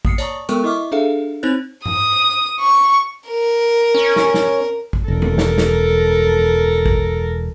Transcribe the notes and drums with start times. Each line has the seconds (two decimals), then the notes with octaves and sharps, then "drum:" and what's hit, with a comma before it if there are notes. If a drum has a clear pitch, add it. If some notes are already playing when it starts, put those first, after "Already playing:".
0.05 A#3 D#6 C7 C#7, drum: kick
0.18 C#5 D5 A5 A#5 C#6 D#6, drum: hi-hat
0.49 G#3 B3 A4 A#4 G5 C#6, drum: hi-hat
0.64 E4 D#5 E5 C#6 D6 F6
0.92 D4 G#4 A4 E5 F5
1.43 C4 D#4 C5 C#5 F#6
1.86 D#6, drum: tom G#2
2.60 C#6
3.28 A#4
3.95 C#4
4.16 drum: snare
4.34 drum: snare
4.93 drum: kick
5.08 E1 A4 A#4
5.22 drum: tom D#3
5.38 drum: snare
5.58 drum: snare
6.86 drum: kick